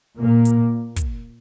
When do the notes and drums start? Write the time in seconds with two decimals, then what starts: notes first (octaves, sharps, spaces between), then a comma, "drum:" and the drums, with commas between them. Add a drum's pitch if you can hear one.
0.19 A#2 A#3
0.45 drum: hi-hat
0.96 drum: kick, hi-hat